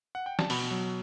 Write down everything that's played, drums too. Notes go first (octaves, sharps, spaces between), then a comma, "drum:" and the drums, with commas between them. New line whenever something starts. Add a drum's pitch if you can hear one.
F#5
G5
A5, drum: snare
B2 B5, drum: open hi-hat
F#3